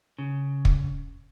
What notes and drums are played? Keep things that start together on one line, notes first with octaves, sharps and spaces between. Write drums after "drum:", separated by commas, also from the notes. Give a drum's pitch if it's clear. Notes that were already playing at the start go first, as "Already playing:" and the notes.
C#3
drum: kick